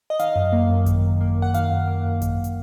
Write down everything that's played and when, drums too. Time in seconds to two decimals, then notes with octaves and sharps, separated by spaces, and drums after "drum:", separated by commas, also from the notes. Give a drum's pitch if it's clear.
0.10 D#5
0.19 D#3 F5, drum: hi-hat
0.36 F#2
0.52 A#3
0.69 F#2
0.86 D#3, drum: kick G#1, hi-hat
1.04 F#2
1.21 A#3
1.38 F#2 F#5
1.54 D#3 F5, drum: hi-hat
1.71 F#2
1.87 A#3
2.05 F#2
2.22 D#3, drum: kick G#1, hi-hat
2.44 drum: hi-hat